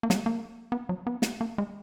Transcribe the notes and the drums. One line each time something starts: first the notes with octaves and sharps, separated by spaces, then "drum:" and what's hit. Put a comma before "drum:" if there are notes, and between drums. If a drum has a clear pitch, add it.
A#3
F#3, drum: snare
G#3
A#3
B3
F#3
B3
drum: snare
A#3
G#3